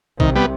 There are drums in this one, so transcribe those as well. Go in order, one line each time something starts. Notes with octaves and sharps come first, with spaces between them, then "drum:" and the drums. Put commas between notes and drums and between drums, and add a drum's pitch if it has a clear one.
C2 C3 D#3, drum: kick A#1
G3 B3